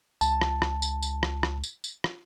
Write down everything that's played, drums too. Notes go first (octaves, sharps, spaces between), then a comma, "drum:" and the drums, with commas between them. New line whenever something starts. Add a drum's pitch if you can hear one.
C#2 A5, drum: tambourine
drum: rim click
drum: rim click
drum: tambourine
drum: tambourine
drum: rim click
drum: rim click
drum: tambourine
drum: tambourine
drum: rim click